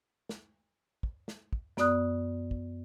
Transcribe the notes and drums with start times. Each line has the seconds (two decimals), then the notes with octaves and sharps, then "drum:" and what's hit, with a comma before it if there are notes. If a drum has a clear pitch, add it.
0.29 drum: snare
1.03 drum: kick
1.28 drum: snare
1.53 drum: kick
1.77 F#2 B3 D5 D#6 F#6, drum: snare
2.51 drum: kick